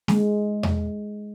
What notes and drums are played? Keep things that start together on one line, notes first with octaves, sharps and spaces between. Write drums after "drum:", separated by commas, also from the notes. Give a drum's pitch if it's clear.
G#3, drum: snare
drum: tom E2